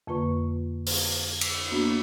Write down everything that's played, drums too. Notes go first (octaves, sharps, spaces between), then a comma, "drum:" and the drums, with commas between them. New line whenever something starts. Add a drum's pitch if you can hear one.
F2 D3 A#3 F4 B4 C#6
drum: open hi-hat
drum: cymbal
A#3 B3 D4 F#4